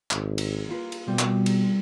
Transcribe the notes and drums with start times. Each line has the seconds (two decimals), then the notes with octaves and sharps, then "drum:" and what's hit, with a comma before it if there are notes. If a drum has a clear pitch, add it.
0.11 G#1, drum: clap
0.38 drum: cymbal
0.68 A#3 F4 B4
0.92 drum: cymbal
1.07 B2 G3 C4
1.19 drum: clap
1.46 drum: cymbal